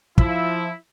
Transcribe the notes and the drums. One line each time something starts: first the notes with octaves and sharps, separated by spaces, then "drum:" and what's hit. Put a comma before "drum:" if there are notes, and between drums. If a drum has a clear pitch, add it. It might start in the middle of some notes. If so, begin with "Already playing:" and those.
F3 E4, drum: kick